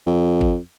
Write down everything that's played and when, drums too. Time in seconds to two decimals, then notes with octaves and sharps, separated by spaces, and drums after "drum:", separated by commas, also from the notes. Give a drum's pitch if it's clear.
0.06 F2
0.41 drum: kick G#1